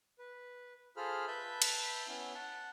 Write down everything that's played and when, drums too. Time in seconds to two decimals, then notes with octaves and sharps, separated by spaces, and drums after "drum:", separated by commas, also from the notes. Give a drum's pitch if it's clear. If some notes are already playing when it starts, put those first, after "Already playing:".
0.19 B4
0.97 F4 G#4 A4 C5 B5 F6
1.27 B4 E5 A5 B5 G6
1.62 drum: cymbal
2.08 B3 C#4 E4
2.35 F#5 A5